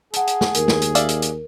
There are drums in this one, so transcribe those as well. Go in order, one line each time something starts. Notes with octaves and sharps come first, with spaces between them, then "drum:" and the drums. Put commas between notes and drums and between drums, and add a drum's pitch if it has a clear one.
G#4 F#5 A5, drum: hi-hat
drum: hi-hat
drum: snare
D#2 A#4, drum: hi-hat
drum: snare
drum: hi-hat
D5 E5 F5, drum: hi-hat
drum: hi-hat
drum: hi-hat